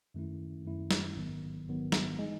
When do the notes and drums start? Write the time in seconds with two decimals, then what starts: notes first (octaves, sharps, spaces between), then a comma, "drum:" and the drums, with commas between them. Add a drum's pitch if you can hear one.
0.14 F#2 D#3 A3 C#4 E4
0.65 F#2 D#3 A3 C#4 E4
0.91 drum: snare
1.16 A1 G#2 D#3 F#3 B3
1.66 A1 G#2 D#3 F#3 B3
1.92 drum: snare
2.18 E3 G#3 D#4